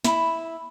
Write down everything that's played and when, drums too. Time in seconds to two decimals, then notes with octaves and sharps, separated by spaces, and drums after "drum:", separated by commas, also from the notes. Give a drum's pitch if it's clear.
0.04 E4, drum: snare